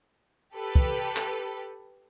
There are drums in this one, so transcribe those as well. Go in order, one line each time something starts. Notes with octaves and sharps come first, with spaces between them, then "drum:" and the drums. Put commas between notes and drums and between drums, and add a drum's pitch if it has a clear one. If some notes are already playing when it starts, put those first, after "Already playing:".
G4 A4 B4
drum: kick
drum: clap